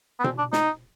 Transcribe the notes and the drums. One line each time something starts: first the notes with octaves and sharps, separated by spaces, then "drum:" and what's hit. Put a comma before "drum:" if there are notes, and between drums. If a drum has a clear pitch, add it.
B3
C4, drum: tom B2
D4
D#4, drum: snare